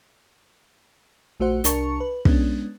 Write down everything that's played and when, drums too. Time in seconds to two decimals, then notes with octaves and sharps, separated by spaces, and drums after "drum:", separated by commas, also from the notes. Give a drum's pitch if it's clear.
1.40 A#1 A3 F#4 C5 F#5
1.64 C2 D4 A#4 A5 C#6 C#7, drum: hi-hat
2.00 B4
2.25 G#3 B3 C#4 D4, drum: kick